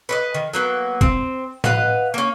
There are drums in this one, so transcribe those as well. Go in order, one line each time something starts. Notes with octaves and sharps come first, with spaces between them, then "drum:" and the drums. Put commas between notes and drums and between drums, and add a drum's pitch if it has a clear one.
B4 D5 D#5
D#3
F#3 A#3 B3
C4, drum: kick
B4 D#5 F5 F#5, drum: tom
A#3 C#4